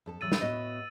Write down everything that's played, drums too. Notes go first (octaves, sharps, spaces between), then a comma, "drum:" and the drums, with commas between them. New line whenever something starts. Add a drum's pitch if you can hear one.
F2 A4 A5
E2 E3 F#3 E6 A6 D#7
drum: snare
A2 B3 F#4 D#5